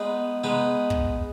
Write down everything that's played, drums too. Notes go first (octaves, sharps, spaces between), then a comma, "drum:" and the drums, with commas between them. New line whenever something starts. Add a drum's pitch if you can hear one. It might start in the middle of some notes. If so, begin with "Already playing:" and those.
Already playing: G#3 B3 D#4 G#4 B4
G#3 B3 D#4 G#4 B4
drum: kick